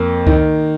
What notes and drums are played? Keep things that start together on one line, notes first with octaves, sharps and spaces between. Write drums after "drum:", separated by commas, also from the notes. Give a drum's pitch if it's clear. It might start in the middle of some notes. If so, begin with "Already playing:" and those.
Already playing: F2 A#3
D#3, drum: kick C#2